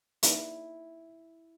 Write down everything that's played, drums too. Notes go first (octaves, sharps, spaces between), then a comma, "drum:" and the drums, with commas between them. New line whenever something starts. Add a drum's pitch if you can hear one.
A#3 D#4 E4 G#4 B4 D5, drum: hi-hat